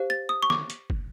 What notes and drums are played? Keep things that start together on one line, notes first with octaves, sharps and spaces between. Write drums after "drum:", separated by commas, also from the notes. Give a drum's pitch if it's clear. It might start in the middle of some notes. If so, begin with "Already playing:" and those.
Already playing: G4 C5 F5
A6
D#6
C#6
D6, drum: snare
drum: hi-hat
drum: kick